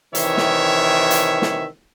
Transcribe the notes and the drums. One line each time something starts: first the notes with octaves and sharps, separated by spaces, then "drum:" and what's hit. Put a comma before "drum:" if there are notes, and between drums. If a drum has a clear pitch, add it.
C3 D#3 E3 C#5 E5, drum: hi-hat
drum: snare
drum: hi-hat
drum: snare